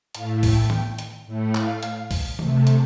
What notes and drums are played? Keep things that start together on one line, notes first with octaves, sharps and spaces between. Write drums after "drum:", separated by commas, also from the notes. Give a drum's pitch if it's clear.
A2 A3 F5, drum: hi-hat
G5, drum: kick, open hi-hat
G5, drum: tom D#3
drum: hi-hat
A2 A3
F5, drum: clap
drum: hi-hat
drum: kick, open hi-hat
C3 A3, drum: tom D#3
drum: hi-hat